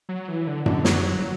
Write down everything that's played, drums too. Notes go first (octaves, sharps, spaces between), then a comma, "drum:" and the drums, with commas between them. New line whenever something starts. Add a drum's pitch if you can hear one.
F#3
E3
D3
D3, drum: tom F#2
F#3, drum: snare